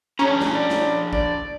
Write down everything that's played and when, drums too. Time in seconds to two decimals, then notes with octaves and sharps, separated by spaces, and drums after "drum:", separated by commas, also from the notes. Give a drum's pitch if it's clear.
0.19 C#4 D4 G#4 A#5
0.40 drum: snare
0.54 D5
0.70 drum: snare
1.13 D5, drum: kick A1